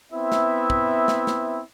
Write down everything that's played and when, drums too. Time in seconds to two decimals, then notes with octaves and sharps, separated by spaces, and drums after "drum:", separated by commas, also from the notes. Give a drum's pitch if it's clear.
0.13 B3 C4 E4 E5
0.32 drum: snare
0.70 drum: kick
1.08 drum: snare
1.27 drum: snare